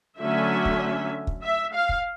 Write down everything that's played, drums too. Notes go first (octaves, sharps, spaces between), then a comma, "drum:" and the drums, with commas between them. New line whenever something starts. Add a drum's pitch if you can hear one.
D3 F#3 A3 C#4 E5
drum: kick
drum: kick
E5
F5
drum: kick